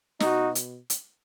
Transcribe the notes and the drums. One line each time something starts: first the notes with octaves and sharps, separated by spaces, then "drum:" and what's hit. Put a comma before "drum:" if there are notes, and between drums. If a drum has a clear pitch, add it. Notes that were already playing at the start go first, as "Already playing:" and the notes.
B2 D#4 F#4, drum: snare
drum: hi-hat
drum: hi-hat